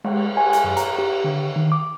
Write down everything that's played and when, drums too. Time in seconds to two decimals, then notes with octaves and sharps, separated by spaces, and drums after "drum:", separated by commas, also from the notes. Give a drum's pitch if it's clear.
0.04 G#3, drum: cymbal
0.37 G#5, drum: cymbal
0.53 drum: hi-hat
0.64 F#2
0.77 A#5, drum: hi-hat
0.98 G4
1.24 D3
1.56 D#3
1.72 D6